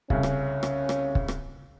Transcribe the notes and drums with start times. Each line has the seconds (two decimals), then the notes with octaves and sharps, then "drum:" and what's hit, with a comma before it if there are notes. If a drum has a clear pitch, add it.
0.10 C2 C#3 C#4, drum: kick
0.23 drum: rim click
0.63 drum: rim click
0.89 drum: rim click
1.15 drum: kick
1.28 drum: rim click